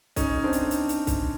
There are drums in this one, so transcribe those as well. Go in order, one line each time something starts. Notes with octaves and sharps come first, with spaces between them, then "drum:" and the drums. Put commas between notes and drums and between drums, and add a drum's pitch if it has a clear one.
C#4 D#4, drum: kick C2, hi-hat
C4 D4
drum: hi-hat
drum: hi-hat
drum: hi-hat
drum: kick C2, hi-hat